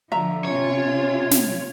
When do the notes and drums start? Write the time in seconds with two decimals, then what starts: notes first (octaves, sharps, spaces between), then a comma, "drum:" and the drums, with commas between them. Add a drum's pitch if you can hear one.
0.12 D3 F3 E5 A#5
0.45 C3 C#4 F4 C#5
1.31 drum: snare